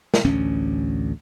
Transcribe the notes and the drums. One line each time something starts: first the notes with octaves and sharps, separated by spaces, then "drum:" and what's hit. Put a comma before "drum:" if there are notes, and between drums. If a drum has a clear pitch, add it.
drum: snare
A1 D2 C#4